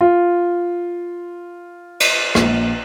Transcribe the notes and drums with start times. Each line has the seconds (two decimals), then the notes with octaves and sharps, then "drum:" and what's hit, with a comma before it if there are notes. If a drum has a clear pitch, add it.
0.01 F4
2.00 drum: cymbal
2.35 A#1, drum: rim click